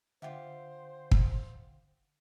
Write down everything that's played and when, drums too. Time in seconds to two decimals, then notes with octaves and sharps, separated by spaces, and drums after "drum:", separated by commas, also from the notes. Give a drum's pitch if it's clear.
0.22 D3 F4 G4 C5 E5 F#5 G5
1.11 drum: kick